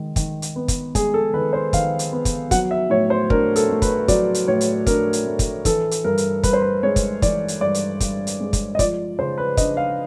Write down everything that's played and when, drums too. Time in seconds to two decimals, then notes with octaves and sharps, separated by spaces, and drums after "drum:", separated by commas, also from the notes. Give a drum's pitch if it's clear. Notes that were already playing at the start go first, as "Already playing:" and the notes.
Already playing: D#3 G#3
0.16 D#3, drum: kick, hi-hat
0.42 drum: hi-hat
0.56 B3
0.68 drum: kick, hi-hat
0.95 G#3 G#4, drum: kick, hi-hat
1.14 A4
1.33 D#3 B4
1.53 C5
1.73 D#3 F5, drum: kick, hi-hat
1.99 drum: hi-hat
2.13 B3
2.25 drum: kick, hi-hat
2.51 F#3 F#5, drum: kick, hi-hat
2.71 E5
2.90 A2 C#5
3.10 C5
3.30 D4 A#4, drum: kick
3.56 A4, drum: hi-hat
3.69 A3
3.82 B4, drum: kick, hi-hat
4.08 F#3 D5, drum: kick, hi-hat
4.34 drum: hi-hat
4.48 A2 C#5
4.61 drum: hi-hat
4.87 D4 A#4, drum: kick, hi-hat
5.13 drum: hi-hat
5.25 A3
5.39 drum: kick, hi-hat
5.65 E3 A4, drum: kick, hi-hat
5.91 drum: hi-hat
6.04 G2 A#4
6.18 drum: hi-hat
6.43 G2 B4, drum: kick, hi-hat
6.53 C5
6.62 B4
6.83 G#3 C#5
6.96 drum: kick, hi-hat
7.22 E3 D5, drum: kick, hi-hat
7.48 drum: hi-hat
7.61 G2 D5
7.74 drum: hi-hat
8.00 G2, drum: kick, hi-hat
8.27 drum: hi-hat
8.40 G#3
8.53 drum: kick, hi-hat
8.75 D#5
8.79 F3 D5, drum: kick, hi-hat
9.19 C#3 C5
9.38 B4
9.57 D4 D#5, drum: kick, hi-hat
9.77 F5